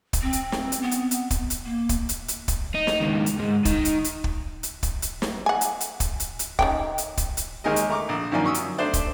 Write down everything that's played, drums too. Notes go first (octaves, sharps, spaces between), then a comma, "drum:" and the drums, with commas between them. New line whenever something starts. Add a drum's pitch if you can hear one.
drum: kick, hi-hat
C4
drum: hi-hat
drum: snare
drum: hi-hat
B3
drum: hi-hat
drum: hi-hat
drum: kick, hi-hat
drum: hi-hat
A#3
drum: kick, hi-hat
drum: hi-hat
drum: hi-hat
drum: kick, hi-hat
D#4
drum: snare
C#2 D#3
drum: hi-hat
G#2
D#3, drum: kick, hi-hat
drum: hi-hat
drum: hi-hat
drum: kick
drum: hi-hat
drum: kick, hi-hat
drum: hi-hat
drum: snare
F#5 G#5
drum: hi-hat
drum: hi-hat
drum: kick, hi-hat
drum: hi-hat
drum: hi-hat
D#3 C#4 G5, drum: kick
drum: hi-hat
drum: kick, hi-hat
drum: hi-hat
D#2 G#3 G#4 A#4 D#5
drum: hi-hat
A3 A#5 C#6 D6
A#1
F#2 D#3 F3 A#3 D5 G#5
F#2 C#6 D#6 E6
drum: hi-hat
A3 D4 C5 D5
drum: kick, hi-hat